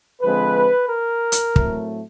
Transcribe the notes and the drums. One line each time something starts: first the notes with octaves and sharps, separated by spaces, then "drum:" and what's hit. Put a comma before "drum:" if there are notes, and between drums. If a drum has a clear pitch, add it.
D3 F3 G#3 C4 B4
A#4
drum: hi-hat
A2 F#3 A3 C4, drum: kick